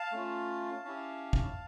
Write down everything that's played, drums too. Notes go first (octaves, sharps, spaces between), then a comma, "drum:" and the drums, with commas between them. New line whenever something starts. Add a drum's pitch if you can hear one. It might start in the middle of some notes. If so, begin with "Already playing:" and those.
Already playing: F5 A5
A3 C#4 F4
C#4 E4 G4
drum: kick